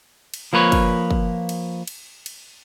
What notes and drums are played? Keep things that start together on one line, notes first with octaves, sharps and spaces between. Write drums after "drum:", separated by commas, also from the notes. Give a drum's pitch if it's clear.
drum: cymbal
F3 A#3 B4 C#5
drum: kick, cymbal
drum: kick
drum: cymbal
drum: cymbal
drum: cymbal